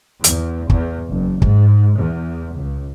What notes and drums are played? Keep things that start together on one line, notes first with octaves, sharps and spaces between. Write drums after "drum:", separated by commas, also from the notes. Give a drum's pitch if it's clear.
E2, drum: hi-hat
E2, drum: kick
F#1
G#2, drum: kick
E2
C#2